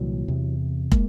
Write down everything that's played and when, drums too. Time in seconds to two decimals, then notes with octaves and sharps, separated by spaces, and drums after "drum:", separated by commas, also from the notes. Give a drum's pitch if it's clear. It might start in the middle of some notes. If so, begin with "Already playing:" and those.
Already playing: C2 A#2 E3 F#3
0.28 E2 C3
0.92 G#3 A#3, drum: kick